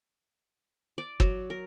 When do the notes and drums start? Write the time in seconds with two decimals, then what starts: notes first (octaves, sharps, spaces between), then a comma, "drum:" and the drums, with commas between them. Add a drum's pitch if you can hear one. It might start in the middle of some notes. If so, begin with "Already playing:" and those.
0.98 D5
1.20 F#3, drum: kick
1.50 A#4